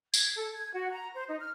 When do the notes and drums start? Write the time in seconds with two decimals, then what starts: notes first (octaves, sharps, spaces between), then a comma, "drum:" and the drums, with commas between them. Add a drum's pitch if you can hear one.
0.14 G#6, drum: tambourine
0.36 A4
0.52 G#6
0.74 F#4
0.92 A#5
1.15 C5
1.28 D#4
1.40 F6